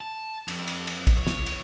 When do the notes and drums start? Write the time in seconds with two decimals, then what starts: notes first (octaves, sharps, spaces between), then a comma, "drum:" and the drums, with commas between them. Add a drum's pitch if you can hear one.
0.01 A5
0.48 F2, drum: cymbal
0.68 drum: cymbal
0.87 drum: cymbal
1.07 drum: kick, cymbal
1.18 C#5
1.27 drum: snare
1.46 drum: cymbal